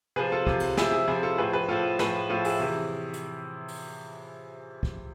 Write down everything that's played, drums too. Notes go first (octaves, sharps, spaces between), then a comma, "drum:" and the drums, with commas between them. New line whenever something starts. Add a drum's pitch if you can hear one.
C3 F3 G#4 B4
F4 A4
C3 F3, drum: kick C2
drum: cymbal
C3 F3 E4 G#4, drum: snare
E4 G#4
C3 F3 E4 G#4
F4 A4
A2 F3 G#4 B4
G#4 B4
A2 F3 F4 A4
A2 F3 G#4 B4, drum: snare
A2 F3 F4 A4
E4 G#4, drum: open hi-hat
C3 E3
drum: hi-hat
drum: open hi-hat
drum: kick C2